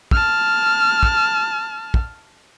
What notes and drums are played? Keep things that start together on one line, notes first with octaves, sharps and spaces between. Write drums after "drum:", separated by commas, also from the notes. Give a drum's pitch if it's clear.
A5 F6, drum: kick
drum: kick
drum: kick